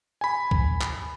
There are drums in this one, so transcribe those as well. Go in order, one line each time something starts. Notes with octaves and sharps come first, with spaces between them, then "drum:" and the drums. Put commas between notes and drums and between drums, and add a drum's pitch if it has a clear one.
G#5 B5
drum: kick
drum: clap